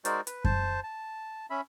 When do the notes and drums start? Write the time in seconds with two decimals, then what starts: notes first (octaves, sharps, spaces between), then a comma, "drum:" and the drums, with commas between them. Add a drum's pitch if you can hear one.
0.05 G#3 D#4 F#4 A#4 C5 D5, drum: hi-hat
0.27 B4, drum: hi-hat
0.45 C5 A5, drum: kick F#2
0.83 A5
1.50 C#4 E5 B5